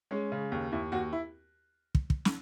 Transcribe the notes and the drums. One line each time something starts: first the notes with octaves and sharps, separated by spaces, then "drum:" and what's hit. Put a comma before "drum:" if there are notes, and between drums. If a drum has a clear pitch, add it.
G#3 C#4
C#3
D#2
D#2 E4
D#2 F#4
E4
drum: kick
drum: kick
drum: snare